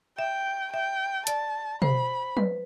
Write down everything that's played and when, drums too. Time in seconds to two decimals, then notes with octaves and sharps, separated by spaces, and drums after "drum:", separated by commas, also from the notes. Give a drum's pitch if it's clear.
0.18 E5 G5
0.73 E5 G5
1.27 D5 A5, drum: hi-hat
1.82 C5 B5, drum: tom
2.37 B4, drum: tom